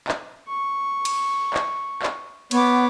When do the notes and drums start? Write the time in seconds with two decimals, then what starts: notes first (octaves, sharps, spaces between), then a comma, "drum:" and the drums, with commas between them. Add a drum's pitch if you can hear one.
0.08 drum: clap
0.48 C#6
1.05 drum: cymbal
1.54 drum: clap
2.02 drum: clap
2.51 B3 C#5 D6, drum: cymbal